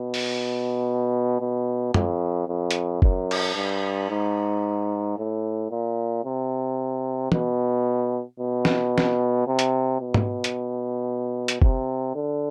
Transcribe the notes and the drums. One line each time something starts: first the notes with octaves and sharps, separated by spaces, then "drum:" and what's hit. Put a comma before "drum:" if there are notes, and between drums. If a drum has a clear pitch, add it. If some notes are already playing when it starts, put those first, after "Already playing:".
Already playing: B2
drum: open hi-hat
B2
F2, drum: tom
F2
drum: hi-hat
F#2, drum: kick
drum: cymbal
G2
G#2
A2
A#2
C3
B2, drum: tom
B2
drum: snare
drum: snare
C3
drum: hi-hat
B2
drum: tom
drum: hi-hat
drum: hi-hat
C3, drum: kick
D3